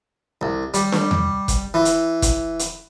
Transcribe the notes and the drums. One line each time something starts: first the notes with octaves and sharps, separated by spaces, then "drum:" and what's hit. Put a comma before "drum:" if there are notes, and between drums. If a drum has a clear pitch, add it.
C2
G3, drum: hi-hat
drum: snare D4
drum: tom E2
drum: kick, hi-hat
E3
drum: hi-hat
drum: kick, hi-hat
drum: hi-hat